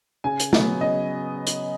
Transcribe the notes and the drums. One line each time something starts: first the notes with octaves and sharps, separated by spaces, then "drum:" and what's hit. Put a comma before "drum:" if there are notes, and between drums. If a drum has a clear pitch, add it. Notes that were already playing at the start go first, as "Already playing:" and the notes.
C#3 G#5
drum: hi-hat
F#3 B3, drum: snare
C#3 D#5
drum: hi-hat